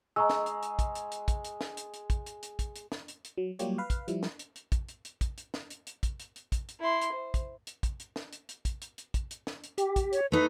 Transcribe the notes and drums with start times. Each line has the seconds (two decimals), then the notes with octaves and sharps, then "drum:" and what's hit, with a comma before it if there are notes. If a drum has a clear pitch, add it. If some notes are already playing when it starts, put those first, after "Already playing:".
0.16 G#3 A#5 C#6 E6
0.30 drum: snare
0.46 drum: hi-hat
0.62 drum: hi-hat
0.79 drum: kick, hi-hat
0.95 drum: hi-hat
1.11 drum: hi-hat
1.28 drum: kick, hi-hat
1.44 drum: hi-hat
1.61 drum: snare
1.77 drum: hi-hat
1.93 drum: hi-hat
2.10 drum: kick, hi-hat
2.26 drum: hi-hat
2.43 drum: hi-hat
2.59 drum: kick, hi-hat
2.75 drum: hi-hat
2.92 drum: snare
3.08 drum: hi-hat
3.24 drum: hi-hat
3.38 F#3
3.59 F#3 G3 A#3 F4 G4 C#5, drum: hi-hat
3.78 B4 F5
3.90 drum: kick, hi-hat
4.08 F3 G3 E4, drum: hi-hat
4.23 drum: snare
4.39 drum: hi-hat
4.55 drum: hi-hat
4.72 drum: kick, hi-hat
4.88 drum: hi-hat
5.05 drum: hi-hat
5.21 drum: kick, hi-hat
5.37 drum: hi-hat
5.54 drum: snare
5.70 drum: hi-hat
5.87 drum: hi-hat
6.03 drum: kick, hi-hat
6.19 drum: hi-hat
6.36 drum: hi-hat
6.52 drum: kick, hi-hat
6.68 drum: hi-hat
6.79 E4 C6
7.01 drum: hi-hat
7.12 C5
7.34 drum: kick, hi-hat
7.67 drum: hi-hat
7.83 drum: kick, hi-hat
7.99 drum: hi-hat
8.16 drum: snare
8.32 drum: hi-hat
8.49 drum: hi-hat
8.65 drum: kick, hi-hat
8.81 drum: hi-hat
8.98 drum: hi-hat
9.14 drum: kick, hi-hat
9.31 drum: hi-hat
9.47 drum: snare
9.63 drum: hi-hat
9.78 G4, drum: hi-hat
9.96 drum: kick, hi-hat
10.12 C#5, drum: hi-hat
10.32 A3 D#4 B4